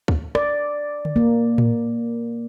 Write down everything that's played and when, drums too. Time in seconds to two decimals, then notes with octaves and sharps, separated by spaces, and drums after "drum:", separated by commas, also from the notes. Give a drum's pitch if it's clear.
0.08 drum: kick D2
0.35 D5, drum: rim click
1.05 drum: tom D3
1.16 A#3
1.58 drum: tom A2